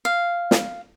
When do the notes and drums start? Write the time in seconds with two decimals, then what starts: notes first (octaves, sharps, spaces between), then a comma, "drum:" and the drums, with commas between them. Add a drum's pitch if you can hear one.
0.05 F5
0.51 drum: snare